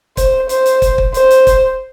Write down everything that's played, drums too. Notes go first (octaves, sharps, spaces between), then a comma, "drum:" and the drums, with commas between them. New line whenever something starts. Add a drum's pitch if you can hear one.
C5, drum: kick, hi-hat
C5, drum: hi-hat
drum: hi-hat
drum: kick, hi-hat
drum: kick
C5, drum: hi-hat
drum: hi-hat
drum: kick, hi-hat